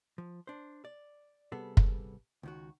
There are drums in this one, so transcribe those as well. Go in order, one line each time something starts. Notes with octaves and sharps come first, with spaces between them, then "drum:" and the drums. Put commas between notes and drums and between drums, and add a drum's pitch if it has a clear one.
F3
D4 C5
D5
C3 G3 B3 G#4 A4
drum: kick
C#2 D#3 F#4